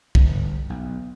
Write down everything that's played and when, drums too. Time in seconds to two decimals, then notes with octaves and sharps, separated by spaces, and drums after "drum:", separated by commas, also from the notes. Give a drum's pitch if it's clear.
0.15 G1, drum: kick
0.70 B1